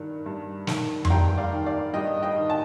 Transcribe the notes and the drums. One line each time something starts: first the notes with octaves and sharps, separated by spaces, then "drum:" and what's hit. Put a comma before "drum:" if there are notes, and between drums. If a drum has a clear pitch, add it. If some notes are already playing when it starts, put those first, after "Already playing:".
Already playing: G2 D#3
G2
D#3, drum: snare
C6, drum: tom F2
G2 G5 A#5
G5
D5 F5
D#3
D5 F5
G2 D#5 G5
D#5 G5
D#3
A5